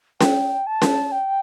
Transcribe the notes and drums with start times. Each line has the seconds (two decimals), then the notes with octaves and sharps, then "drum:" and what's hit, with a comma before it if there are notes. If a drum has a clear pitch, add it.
0.21 G5, drum: snare C#4
0.67 A5
0.82 drum: snare C#4
1.12 G5